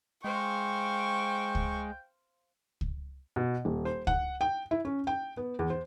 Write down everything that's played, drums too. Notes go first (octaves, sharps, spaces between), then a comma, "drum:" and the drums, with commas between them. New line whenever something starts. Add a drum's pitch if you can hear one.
G#3 C5 F5 G5 C#6
drum: kick C#2
drum: kick C#2
B2
D#1
C5
F#5, drum: kick C#2
G5
E4
C#4
G5
B3
E2
C5